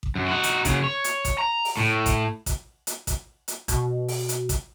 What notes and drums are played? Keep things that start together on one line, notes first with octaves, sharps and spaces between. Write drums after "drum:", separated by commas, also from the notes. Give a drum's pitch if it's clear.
drum: kick A1
F#2
D#4 F#4
drum: hi-hat
C#3 F#3, drum: kick A1, hi-hat
C#5
drum: hi-hat
drum: kick A1, hi-hat
A#5
drum: open hi-hat
A2
drum: kick A1, hi-hat
drum: kick A1, hi-hat
drum: hi-hat
drum: kick A1, hi-hat
drum: hi-hat
B2, drum: kick A1, hi-hat
drum: open hi-hat
drum: hi-hat
drum: kick A1, hi-hat